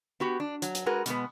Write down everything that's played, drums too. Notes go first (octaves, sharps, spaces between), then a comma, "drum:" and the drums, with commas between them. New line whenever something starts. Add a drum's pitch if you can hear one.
B3 F#4 G4
D4
F#3, drum: hi-hat
drum: hi-hat
G#3 F#4 G#4 A#4 B4
B2 G#3 B3, drum: hi-hat